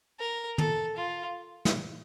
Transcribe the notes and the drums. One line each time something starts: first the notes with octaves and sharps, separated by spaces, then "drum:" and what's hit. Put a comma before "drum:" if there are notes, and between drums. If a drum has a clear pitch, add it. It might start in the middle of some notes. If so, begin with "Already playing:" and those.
A#4
A4, drum: tom
F4
drum: snare